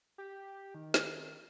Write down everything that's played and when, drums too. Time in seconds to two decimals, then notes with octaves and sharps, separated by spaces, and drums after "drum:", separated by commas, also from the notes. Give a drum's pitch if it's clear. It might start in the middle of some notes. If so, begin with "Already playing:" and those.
0.18 G4
0.75 D#3
0.94 drum: snare